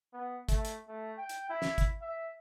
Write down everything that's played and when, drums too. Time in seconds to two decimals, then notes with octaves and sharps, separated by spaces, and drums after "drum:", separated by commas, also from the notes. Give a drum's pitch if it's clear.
0.13 B3
0.49 A3, drum: kick, hi-hat
0.65 drum: hi-hat
0.88 A3
1.17 G5
1.29 drum: hi-hat
1.50 E4
1.62 drum: snare
1.78 drum: kick, hi-hat
2.02 E5